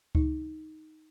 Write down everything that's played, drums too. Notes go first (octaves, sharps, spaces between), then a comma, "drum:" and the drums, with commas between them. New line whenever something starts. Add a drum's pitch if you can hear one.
D#4, drum: kick C#2